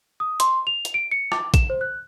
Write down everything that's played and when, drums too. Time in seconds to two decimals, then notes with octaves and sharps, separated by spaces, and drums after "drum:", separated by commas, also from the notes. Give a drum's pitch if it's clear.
0.20 D#6
0.40 C6, drum: hi-hat
0.67 F7
0.85 drum: hi-hat
0.94 D7
1.11 C#7
1.32 D6, drum: rim click
1.54 E7, drum: kick, hi-hat
1.70 C5
1.81 F#6